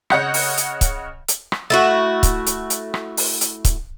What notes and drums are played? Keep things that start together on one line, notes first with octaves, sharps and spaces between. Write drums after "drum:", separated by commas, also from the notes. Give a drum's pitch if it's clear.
C#3 C#5 D#5 F#5 G6 C#7, drum: rim click
drum: open hi-hat
drum: hi-hat
drum: kick C#1, hi-hat
drum: hi-hat
drum: rim click
A3 E4 F#4
drum: kick C#1, hi-hat
drum: hi-hat
drum: hi-hat
drum: rim click
drum: open hi-hat
drum: hi-hat
drum: kick C#1, hi-hat